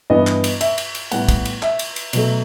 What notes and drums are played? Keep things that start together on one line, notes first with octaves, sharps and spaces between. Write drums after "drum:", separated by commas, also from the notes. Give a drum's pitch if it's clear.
G2 E3 B3 D#5
drum: clap
drum: cymbal
E5, drum: cymbal
drum: cymbal
drum: cymbal
A2 G3 B3 F#5, drum: cymbal
drum: kick, cymbal
drum: cymbal
E5, drum: clap
drum: cymbal
drum: cymbal
B2 F#3 A3, drum: cymbal